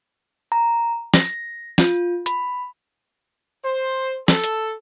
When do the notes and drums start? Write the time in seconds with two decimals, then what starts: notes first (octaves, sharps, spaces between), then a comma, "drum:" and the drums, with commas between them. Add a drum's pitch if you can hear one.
0.52 A#5
1.14 A#6, drum: snare
1.78 F4, drum: snare
2.26 B5, drum: hi-hat
3.65 C5
4.28 A4, drum: snare
4.44 drum: hi-hat